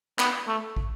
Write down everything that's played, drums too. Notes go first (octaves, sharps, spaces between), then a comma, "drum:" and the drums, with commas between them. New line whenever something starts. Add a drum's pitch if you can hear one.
B3, drum: clap
A3
drum: kick